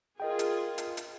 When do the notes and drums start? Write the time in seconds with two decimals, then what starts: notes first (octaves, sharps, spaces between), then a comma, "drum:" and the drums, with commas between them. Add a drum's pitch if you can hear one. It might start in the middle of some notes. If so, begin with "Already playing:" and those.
0.20 F4 G#4 A#4 D#5 G5
0.39 drum: hi-hat
0.78 drum: hi-hat
0.97 drum: hi-hat